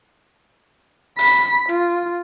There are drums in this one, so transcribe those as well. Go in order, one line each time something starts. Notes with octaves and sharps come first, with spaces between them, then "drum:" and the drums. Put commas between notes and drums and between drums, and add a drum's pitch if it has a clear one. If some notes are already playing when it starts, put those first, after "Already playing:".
B5 B6, drum: open hi-hat
F4, drum: hi-hat